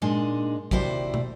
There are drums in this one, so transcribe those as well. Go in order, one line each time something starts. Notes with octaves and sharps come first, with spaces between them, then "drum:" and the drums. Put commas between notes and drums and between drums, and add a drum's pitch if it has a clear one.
A#2 G#3 D4 D#4
D#2 C3 E4 F#4 C5 D5, drum: kick
drum: tom